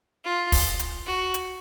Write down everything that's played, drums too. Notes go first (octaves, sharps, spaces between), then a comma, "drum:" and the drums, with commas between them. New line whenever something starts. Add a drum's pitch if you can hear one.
F4
drum: kick, open hi-hat
drum: hi-hat
F#4
drum: hi-hat